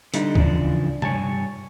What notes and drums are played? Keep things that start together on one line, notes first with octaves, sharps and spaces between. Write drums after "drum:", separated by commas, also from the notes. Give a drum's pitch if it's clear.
D3 G3 D#4, drum: hi-hat
C#3 E3 F3 D4, drum: kick
G2 C#5 G#5 A5, drum: tom C3